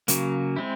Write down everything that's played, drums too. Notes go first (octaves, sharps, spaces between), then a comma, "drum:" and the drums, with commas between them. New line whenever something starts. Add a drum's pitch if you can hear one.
C#3 F#3 A#3, drum: hi-hat
G#3 C4 E4